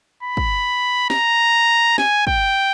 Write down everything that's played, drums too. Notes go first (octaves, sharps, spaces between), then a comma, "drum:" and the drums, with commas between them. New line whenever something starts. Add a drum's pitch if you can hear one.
B5
drum: kick
A#5, drum: snare
G#5, drum: snare
G5, drum: kick